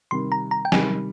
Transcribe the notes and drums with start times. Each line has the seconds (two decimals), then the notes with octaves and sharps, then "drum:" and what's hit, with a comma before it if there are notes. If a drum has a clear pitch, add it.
0.11 C3 D#3 G3 C6
0.32 A#5
0.51 A#5
0.65 G5
0.72 C3 D#3 G3 G#5, drum: snare